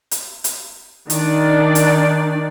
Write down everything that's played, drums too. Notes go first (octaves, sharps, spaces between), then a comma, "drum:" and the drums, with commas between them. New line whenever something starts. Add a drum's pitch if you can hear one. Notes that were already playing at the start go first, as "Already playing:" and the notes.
drum: hi-hat
drum: hi-hat
D#3 D4 D5, drum: hi-hat
drum: hi-hat